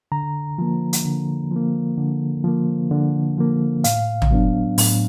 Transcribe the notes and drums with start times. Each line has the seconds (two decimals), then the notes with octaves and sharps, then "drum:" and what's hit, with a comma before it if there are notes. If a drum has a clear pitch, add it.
0.12 D3 A#5
0.58 F3 A#3
0.93 drum: hi-hat
1.05 D3
1.51 F3 A#3
1.98 D3
2.44 F3 A#3
2.91 D3
3.38 F3 A#3
3.84 A2 F5, drum: hi-hat
4.22 drum: tom
4.31 F#3 B3 D4
4.78 A2, drum: open hi-hat